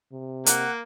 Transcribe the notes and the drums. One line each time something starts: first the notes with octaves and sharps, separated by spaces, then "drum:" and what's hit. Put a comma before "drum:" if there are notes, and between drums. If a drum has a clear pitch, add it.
C3
A#3 F#5 F#6, drum: hi-hat